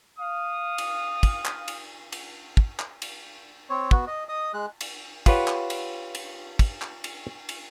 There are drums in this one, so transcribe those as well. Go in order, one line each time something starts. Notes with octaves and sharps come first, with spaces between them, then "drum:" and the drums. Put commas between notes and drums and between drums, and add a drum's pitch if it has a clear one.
F5 D#6
drum: cymbal
drum: kick, cymbal
drum: clap
drum: cymbal
drum: cymbal
drum: kick
drum: clap
drum: cymbal
C4 C#5
B3 F#4, drum: kick
D#5
D#5 D#6
G#3 F#6
drum: cymbal
F4 G4 B4 C#5 F#5, drum: kick, cymbal
drum: clap
drum: cymbal
drum: cymbal
drum: kick, cymbal
drum: clap
drum: cymbal
drum: cymbal